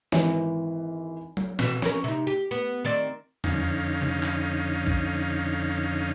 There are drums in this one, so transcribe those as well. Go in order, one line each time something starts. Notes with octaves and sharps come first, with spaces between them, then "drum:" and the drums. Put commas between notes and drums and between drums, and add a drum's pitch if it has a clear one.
G#1 E3, drum: snare
drum: tom F#3
B2 E3, drum: snare
C#4 A#4, drum: snare
C3 D#4
G4
B3
D#3 C4 D5
F2 D3 C#4 D#4 F5, drum: tom E2
drum: tom C3
drum: clap
drum: kick